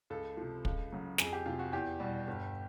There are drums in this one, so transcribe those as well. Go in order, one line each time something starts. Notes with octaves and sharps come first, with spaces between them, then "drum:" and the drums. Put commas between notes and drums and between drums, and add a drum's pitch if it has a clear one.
C#2 A4
C3 F3
C#2, drum: kick
C#3 F#3
F2 G#4, drum: snare
G4
C3 F3 F4
F#4
E2 G4
B2 G3
G1